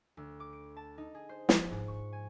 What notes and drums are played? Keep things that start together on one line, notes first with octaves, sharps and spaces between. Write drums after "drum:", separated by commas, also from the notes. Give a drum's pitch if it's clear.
D2
D6
D7
A5
D#4
G#4
C5
F3, drum: snare
G#2
C#6
G#5